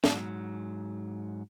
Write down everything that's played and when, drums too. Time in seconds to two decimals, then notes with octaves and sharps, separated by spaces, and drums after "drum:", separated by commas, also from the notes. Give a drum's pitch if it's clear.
0.04 G#2 F#3, drum: snare